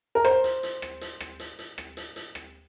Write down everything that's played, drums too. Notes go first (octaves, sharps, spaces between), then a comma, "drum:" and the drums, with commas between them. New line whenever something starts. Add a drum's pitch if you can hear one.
A#4
C5, drum: rim click
drum: hi-hat
drum: hi-hat
drum: rim click
drum: hi-hat
drum: rim click
drum: hi-hat
drum: hi-hat
drum: rim click
drum: hi-hat
drum: hi-hat
drum: rim click